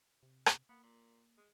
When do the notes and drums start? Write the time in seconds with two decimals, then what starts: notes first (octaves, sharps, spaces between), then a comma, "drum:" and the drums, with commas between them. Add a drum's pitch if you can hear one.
0.23 C3
0.46 drum: rim click
0.69 A#3 B3
0.83 A#2
1.37 G#3